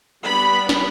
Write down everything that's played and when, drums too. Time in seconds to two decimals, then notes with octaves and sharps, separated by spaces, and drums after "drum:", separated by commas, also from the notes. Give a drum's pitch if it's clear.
0.23 G3 B3 D4 B5
0.69 drum: snare